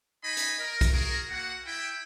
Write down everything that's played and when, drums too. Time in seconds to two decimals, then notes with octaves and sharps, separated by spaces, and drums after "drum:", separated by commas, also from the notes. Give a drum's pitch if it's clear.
0.23 D#4 D#5 G#5 B5
0.37 drum: hi-hat
0.59 A#4
0.81 drum: kick B1, hi-hat
0.92 F#4 G#4 A#4
1.30 A#3 F#4 F#5
1.66 E4 G5